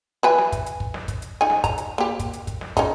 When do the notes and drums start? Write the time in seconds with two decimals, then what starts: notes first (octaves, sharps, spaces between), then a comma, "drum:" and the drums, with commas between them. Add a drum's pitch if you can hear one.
0.23 E3 B4 G#5
0.38 drum: snare
0.52 drum: kick, hi-hat
0.66 drum: hi-hat
0.80 drum: kick
0.94 drum: snare
1.08 drum: kick, hi-hat
1.22 drum: hi-hat
1.41 D#4 G#5
1.50 drum: snare
1.64 A#5, drum: kick, hi-hat
1.78 drum: hi-hat
1.98 A#3 G4
2.19 drum: kick, hi-hat
2.33 drum: hi-hat
2.47 drum: kick, hi-hat
2.61 drum: snare
2.77 C#4 D#4, drum: kick, hi-hat